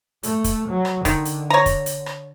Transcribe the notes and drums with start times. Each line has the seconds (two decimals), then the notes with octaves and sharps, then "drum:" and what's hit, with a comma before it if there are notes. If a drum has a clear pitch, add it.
0.23 A3, drum: hi-hat
0.44 drum: kick, hi-hat
0.69 F#3
0.85 drum: rim click
1.05 D3 D#3, drum: kick, hi-hat
1.25 drum: hi-hat
1.50 C#5 A#5
1.66 drum: kick, hi-hat
1.86 drum: hi-hat
2.06 drum: rim click